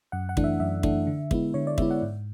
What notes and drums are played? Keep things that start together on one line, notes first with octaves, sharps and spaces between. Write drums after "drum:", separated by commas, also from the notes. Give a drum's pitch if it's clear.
F#2 F#5
F#5
E3 A3 D4, drum: kick
E5
F#2 E5
E3 A3 D4, drum: kick
D3
G#3 B3 E4, drum: kick
D3 C#5
D5
G#3 B3 E4 E5, drum: kick
F#5
G#2